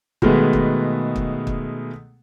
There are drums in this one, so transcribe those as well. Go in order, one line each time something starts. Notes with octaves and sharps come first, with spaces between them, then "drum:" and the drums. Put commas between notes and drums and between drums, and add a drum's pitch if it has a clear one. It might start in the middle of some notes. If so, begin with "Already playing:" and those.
B2 D#3 G#3 A3 B3 G#4, drum: kick
drum: kick
drum: kick
drum: kick